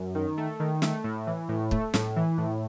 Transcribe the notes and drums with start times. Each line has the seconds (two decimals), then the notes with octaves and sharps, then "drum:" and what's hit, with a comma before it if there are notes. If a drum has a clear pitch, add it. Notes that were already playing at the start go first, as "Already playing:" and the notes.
Already playing: F#2
0.15 D#3
0.37 A3
0.60 D#3
0.82 A3, drum: snare
1.04 A2
1.27 E3
1.49 A2
1.71 A3, drum: kick
1.94 A2, drum: snare
2.16 E3
2.38 A2